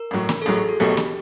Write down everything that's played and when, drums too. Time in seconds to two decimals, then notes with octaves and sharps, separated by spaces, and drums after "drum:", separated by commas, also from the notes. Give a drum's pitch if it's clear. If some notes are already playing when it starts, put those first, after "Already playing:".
Already playing: A#4
0.11 A1 A2 F#3
0.29 drum: snare
0.42 A4
0.46 A1 A2 F#3 G#4
0.57 G#4
0.69 F#4
0.80 B1 B2 F#3 A3 G4
0.97 drum: snare